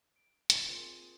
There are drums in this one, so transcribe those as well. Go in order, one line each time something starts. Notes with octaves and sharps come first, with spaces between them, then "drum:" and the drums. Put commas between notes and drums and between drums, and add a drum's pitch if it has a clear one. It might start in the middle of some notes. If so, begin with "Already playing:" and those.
D7
drum: hi-hat
C4 F4 G#4 A#4 A6